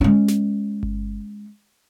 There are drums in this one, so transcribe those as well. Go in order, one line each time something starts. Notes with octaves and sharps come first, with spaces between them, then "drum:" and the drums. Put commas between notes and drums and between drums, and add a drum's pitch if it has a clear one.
G#3 C#4
drum: snare
drum: kick G1